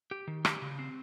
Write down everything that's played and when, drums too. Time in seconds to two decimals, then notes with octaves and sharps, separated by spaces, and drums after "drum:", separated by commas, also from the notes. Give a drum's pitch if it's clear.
0.11 G4
0.27 D#3
0.45 G4, drum: rim click
0.62 C#3
0.79 C4